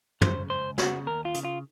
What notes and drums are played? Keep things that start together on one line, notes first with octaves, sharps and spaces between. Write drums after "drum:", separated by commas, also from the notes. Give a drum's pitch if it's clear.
C#3 C5, drum: tom
C#2 C5
C#3 F#4, drum: snare
D#2 A#4
F4
C#3, drum: hi-hat
F4